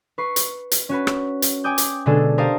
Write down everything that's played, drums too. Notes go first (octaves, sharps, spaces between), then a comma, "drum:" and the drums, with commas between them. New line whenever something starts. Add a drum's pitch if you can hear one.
B4 C#6 C7
drum: hi-hat
drum: hi-hat
C#4 F#4 B4
drum: rim click
drum: hi-hat
G5 G#5 D6 D#6 G6
drum: hi-hat
B2 D3 G#3 D4 G#4 A4
G4 A#4 C5 F5 A5 D#6